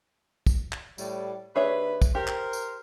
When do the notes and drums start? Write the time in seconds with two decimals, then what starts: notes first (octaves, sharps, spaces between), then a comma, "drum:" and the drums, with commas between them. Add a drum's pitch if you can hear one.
0.47 drum: kick, tambourine
0.72 drum: clap
0.98 A2 G3, drum: tambourine
1.56 D#2 D4 G#4 B4 C#5 E5
2.02 drum: kick, tambourine
2.15 G4 A#4 C5
2.27 drum: clap
2.53 drum: tambourine